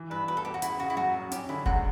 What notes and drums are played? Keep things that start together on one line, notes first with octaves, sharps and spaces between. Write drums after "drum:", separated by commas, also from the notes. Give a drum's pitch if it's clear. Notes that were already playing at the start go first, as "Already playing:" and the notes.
Already playing: E3
G2 B4
E1 B4
A4
E1 G4
F#4
C#3 E4, drum: hi-hat
C#3 F#4
E4
F#2 F#4
F#2
C#4 G4, drum: hi-hat
D3 E4
C#2 F#4, drum: kick F1